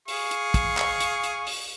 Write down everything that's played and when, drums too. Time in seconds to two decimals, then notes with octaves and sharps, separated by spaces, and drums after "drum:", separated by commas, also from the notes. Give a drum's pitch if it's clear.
0.08 G#4 F5 C#6, drum: open hi-hat
0.31 drum: hi-hat
0.54 drum: kick, hi-hat
0.77 drum: clap
1.00 drum: hi-hat
1.24 drum: hi-hat
1.47 drum: open hi-hat